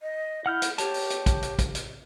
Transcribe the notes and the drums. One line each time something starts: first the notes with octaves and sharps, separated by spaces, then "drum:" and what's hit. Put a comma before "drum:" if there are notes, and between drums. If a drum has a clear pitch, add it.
D#5
E4 F#5 F6 G6
drum: hi-hat
G4 C#5 A5, drum: hi-hat
drum: open hi-hat
drum: hi-hat
drum: kick, hi-hat
drum: hi-hat
drum: kick, hi-hat
drum: hi-hat